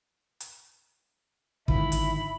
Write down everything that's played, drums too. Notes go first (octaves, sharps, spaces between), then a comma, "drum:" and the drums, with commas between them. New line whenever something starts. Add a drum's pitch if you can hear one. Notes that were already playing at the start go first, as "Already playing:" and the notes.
drum: hi-hat
D#1 G#1 D3 D#3 F3 E4 B5, drum: kick
drum: hi-hat